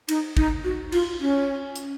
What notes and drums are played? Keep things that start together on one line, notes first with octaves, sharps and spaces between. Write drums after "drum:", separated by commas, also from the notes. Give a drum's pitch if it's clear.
D#4, drum: cymbal
D#4, drum: kick
F#4
F4, drum: cymbal
C#4
drum: hi-hat